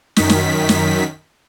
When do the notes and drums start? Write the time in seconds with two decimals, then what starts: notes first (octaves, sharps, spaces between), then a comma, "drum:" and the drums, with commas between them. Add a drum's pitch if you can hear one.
0.16 F#2 D#3 B6, drum: snare
0.30 drum: snare
0.69 drum: snare